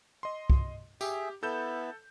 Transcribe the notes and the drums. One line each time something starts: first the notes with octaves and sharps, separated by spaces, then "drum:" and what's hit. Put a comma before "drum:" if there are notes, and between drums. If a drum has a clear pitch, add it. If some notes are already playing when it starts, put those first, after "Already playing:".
D#5 C6
drum: kick
G4 G#4 E5, drum: tambourine
B3 E4 A4 G6 E7